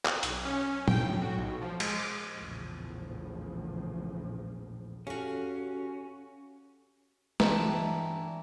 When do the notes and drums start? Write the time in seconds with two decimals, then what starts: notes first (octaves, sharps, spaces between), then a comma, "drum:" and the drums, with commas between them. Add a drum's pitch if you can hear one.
0.05 drum: clap
0.23 B1, drum: hi-hat
0.45 C#4
0.67 C#4
0.88 G5, drum: tom
1.00 A2
1.21 F#4
1.38 B1
1.61 F3
1.80 G#3, drum: cymbal
1.99 D6
2.36 A#1 E2 A2 C#3 F3
5.07 C#4 F#4 G4 A4 F5
7.40 G2 E3 E4 A5 A#5, drum: snare